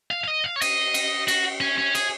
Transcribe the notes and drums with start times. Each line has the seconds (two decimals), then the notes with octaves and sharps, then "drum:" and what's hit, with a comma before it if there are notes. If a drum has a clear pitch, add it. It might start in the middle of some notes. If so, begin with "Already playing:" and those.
0.11 F5
0.24 F5
0.27 D#5
0.44 F5
0.56 C#5
0.61 D#5, drum: cymbal
0.94 drum: cymbal
1.28 F#4, drum: cymbal
1.61 C#4
1.78 C#4
1.95 G#4, drum: cymbal